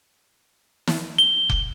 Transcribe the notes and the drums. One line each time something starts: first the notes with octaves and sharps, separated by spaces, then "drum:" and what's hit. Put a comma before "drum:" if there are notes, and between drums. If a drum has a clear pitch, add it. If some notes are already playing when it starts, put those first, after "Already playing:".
drum: snare
G7
drum: kick F1